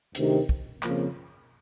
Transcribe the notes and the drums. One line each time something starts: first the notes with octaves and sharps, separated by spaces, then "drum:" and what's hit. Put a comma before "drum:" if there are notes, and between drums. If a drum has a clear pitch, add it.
D2 C3 D#3, drum: hi-hat
drum: kick
F2 C#3 F3 A#3, drum: clap